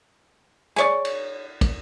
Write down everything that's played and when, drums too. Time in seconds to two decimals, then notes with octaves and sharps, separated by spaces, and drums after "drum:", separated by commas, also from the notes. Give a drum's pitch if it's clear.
0.76 G#4 C#5 D5, drum: rim click
1.05 drum: cymbal
1.61 drum: kick, cymbal